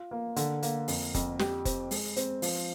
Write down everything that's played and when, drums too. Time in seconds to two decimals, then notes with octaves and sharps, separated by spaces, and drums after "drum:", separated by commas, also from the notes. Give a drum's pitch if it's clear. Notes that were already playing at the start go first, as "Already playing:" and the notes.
Already playing: F4
0.11 A#3
0.36 D3, drum: hi-hat
0.63 A#3, drum: hi-hat
0.88 F2, drum: open hi-hat
1.14 F2, drum: kick F1, hi-hat
1.39 G4, drum: snare
1.65 C4, drum: kick F1, hi-hat
1.91 G#3, drum: open hi-hat
2.16 C4, drum: hi-hat
2.42 F3, drum: open hi-hat